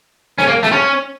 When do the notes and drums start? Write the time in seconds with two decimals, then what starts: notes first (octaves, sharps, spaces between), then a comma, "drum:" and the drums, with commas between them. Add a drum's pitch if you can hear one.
0.38 C#4, drum: snare
0.47 A#3
0.63 A3, drum: snare
0.72 C#4